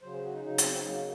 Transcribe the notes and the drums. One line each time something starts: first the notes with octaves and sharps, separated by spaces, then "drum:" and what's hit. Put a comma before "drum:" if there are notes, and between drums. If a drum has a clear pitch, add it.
C#3 F#3 C5
G#4
F#4
D#4
C#3 F#3 D#4
C4, drum: hi-hat
D#4
C#3 F#3 A#3